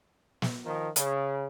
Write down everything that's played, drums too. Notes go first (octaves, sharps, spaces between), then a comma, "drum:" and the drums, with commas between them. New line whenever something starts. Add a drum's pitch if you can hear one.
drum: snare
D#3 F3
C#3, drum: hi-hat